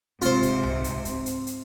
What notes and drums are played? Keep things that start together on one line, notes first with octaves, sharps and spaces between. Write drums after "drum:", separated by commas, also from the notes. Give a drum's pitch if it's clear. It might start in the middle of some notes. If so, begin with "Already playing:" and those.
G#2 C3 C4 F4 C5, drum: hi-hat
drum: kick, hi-hat
drum: tom C2
drum: hi-hat
drum: kick, hi-hat
drum: hi-hat
drum: hi-hat